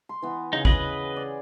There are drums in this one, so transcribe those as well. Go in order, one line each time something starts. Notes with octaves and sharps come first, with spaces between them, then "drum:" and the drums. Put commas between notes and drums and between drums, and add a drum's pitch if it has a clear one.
C6
E3 B3
C#3 D#4 G#4
B4 D#5, drum: kick
D5 G#5